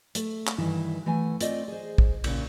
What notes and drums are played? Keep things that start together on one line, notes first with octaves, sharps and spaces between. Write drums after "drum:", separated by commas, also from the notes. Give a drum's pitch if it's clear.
A3, drum: hi-hat
drum: clap
G2 D#3 E3 E4
E3 A3 F#5 G#5
A3 C4 F4 D5 D#5, drum: hi-hat
G#4 C5
drum: kick
A#2 C#3, drum: cymbal